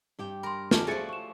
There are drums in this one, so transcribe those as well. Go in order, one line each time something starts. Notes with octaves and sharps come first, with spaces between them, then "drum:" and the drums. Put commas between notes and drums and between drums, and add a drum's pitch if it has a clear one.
G2 G4 G5
A#4 B5 C6
D3 G3 C#4 D5 A5 F6, drum: snare
F3 A3 F#4 G#4 G#5 A6 C#7
C#6 E7